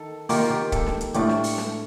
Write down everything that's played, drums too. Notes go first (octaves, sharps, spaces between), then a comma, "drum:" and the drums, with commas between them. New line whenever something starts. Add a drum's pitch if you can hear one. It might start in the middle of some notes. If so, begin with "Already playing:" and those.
Already playing: D#3 A4
D#3 A#3 F4 G4, drum: open hi-hat
F4
G4
A4, drum: kick C#1, hi-hat
drum: snare
drum: hi-hat
A2 A3 D4 F4 G4, drum: hi-hat
drum: snare
drum: open hi-hat
drum: snare